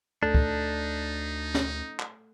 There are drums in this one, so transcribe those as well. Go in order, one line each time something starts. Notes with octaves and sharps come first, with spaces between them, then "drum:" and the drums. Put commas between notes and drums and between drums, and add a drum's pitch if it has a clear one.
D2 A3 D4 D#4 A4
drum: kick
drum: snare
drum: clap